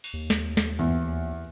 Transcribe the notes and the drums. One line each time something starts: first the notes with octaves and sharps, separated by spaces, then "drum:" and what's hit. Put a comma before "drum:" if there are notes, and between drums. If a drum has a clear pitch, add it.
drum: open hi-hat
D#2
drum: snare
drum: snare
E2